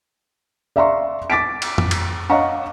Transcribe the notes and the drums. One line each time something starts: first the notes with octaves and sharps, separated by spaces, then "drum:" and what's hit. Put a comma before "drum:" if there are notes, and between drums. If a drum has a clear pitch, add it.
D5 E5 F5 A#5 C6 C#6
D6 A6 B6 D7
drum: cymbal
drum: tom F2
drum: cymbal
C#5 D#5 F5 F#5 A#5 C#6